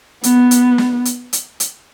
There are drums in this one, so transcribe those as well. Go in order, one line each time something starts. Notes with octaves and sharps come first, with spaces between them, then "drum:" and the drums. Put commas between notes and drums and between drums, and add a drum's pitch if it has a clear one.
B3, drum: hi-hat
drum: hi-hat
drum: snare
drum: hi-hat
drum: hi-hat
drum: hi-hat